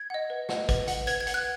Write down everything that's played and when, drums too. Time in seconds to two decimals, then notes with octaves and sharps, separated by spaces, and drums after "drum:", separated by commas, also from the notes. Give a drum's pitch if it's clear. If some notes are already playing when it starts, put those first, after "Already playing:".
Already playing: G#6
0.10 D#5 F#5
0.30 B4
0.49 D#5 F#5, drum: snare
0.69 B4, drum: kick, hi-hat
0.88 F#5, drum: hi-hat
1.07 B4 G#6, drum: hi-hat
1.21 G#6
1.27 F#5, drum: hi-hat
1.34 F#6